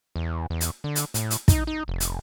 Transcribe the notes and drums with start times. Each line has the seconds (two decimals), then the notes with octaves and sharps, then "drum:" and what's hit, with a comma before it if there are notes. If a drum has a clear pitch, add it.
0.16 E2
0.50 E2
0.61 drum: hi-hat
0.84 D3
0.95 drum: hi-hat
1.14 A2, drum: hi-hat
1.30 drum: hi-hat
1.48 D#4, drum: kick, hi-hat
1.67 D#4
1.88 F1
2.00 drum: hi-hat